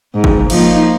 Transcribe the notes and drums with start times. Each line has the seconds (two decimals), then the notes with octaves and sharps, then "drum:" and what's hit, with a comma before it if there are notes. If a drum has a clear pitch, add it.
0.14 G#2
0.24 drum: kick
0.50 F3 A#3 D#4, drum: cymbal